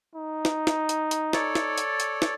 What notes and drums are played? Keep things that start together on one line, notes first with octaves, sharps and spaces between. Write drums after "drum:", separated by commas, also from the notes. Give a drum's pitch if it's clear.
D#4
drum: snare
drum: snare
drum: hi-hat
drum: hi-hat
A4 C#5 D5, drum: snare
drum: snare
drum: hi-hat
drum: hi-hat
drum: snare